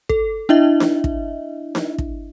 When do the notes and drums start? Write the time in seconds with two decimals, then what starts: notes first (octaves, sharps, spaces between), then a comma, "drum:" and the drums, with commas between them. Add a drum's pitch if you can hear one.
0.09 A4, drum: kick
0.49 D4 E4 D#5 E5
0.80 drum: snare D#4
1.04 drum: kick
1.75 drum: snare D#4
1.98 drum: kick